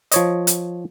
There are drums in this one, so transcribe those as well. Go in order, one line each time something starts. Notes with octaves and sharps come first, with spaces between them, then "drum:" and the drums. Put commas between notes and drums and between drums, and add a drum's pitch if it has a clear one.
F3 C#5 D#5, drum: hi-hat
drum: hi-hat